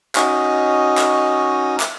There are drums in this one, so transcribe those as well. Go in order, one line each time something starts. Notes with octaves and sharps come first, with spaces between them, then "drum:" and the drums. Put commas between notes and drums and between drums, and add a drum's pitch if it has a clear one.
C#4 D#4 F#4 D#5, drum: clap
drum: clap
drum: clap